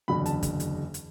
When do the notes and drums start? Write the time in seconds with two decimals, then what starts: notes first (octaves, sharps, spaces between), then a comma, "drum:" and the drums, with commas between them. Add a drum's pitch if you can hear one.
0.08 F#1 E2 D3 F#3 B5
0.26 A5, drum: hi-hat
0.43 drum: kick, hi-hat
0.60 drum: hi-hat
0.94 drum: hi-hat